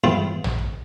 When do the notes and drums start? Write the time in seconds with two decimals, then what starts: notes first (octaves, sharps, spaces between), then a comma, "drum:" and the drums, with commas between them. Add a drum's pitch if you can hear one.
0.04 G2 C4 E4 F4 C5 F5
0.44 drum: tom